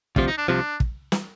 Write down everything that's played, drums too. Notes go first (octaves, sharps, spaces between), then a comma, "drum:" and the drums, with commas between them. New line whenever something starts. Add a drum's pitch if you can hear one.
D2 C3 F3 F4, drum: kick
D#4
D4
C2 C3 F3 D4
drum: kick
drum: snare